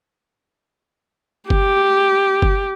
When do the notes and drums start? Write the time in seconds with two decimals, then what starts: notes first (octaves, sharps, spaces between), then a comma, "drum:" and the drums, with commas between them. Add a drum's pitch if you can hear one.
1.50 G4, drum: kick F#1
2.42 drum: kick F#1